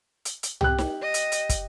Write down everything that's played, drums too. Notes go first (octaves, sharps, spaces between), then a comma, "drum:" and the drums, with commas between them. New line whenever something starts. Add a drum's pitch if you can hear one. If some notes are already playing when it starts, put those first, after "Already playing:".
drum: hi-hat
drum: hi-hat
G4 F#6, drum: tom
drum: snare D#4
D#5
drum: hi-hat
drum: hi-hat
drum: kick, hi-hat